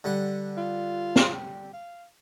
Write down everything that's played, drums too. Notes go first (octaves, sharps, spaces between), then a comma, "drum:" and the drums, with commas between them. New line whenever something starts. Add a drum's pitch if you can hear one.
D3 G3 F#5
F4
drum: snare
G4
F5